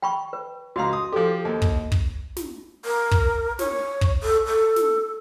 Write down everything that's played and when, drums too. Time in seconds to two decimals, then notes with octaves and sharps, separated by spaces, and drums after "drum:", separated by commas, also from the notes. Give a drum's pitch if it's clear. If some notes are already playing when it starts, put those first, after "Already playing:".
0.02 G5 B5 C#6
0.33 B4
0.76 C#2 F#4 F5 A#5 C6
0.93 D#6
1.13 F3 G4 A4
1.45 D#2
1.62 drum: kick
1.92 drum: kick
2.37 drum: snare
2.85 A#4
3.11 drum: kick
3.59 C#5, drum: snare
4.01 drum: kick
4.23 A4
4.46 A4
4.76 drum: snare